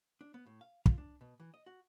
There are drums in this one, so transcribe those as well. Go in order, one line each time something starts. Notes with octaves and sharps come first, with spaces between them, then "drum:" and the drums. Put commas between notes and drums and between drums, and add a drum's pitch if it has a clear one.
D4
B3
A2
F5
F4, drum: kick
D4
B2
E3
D#5
F#4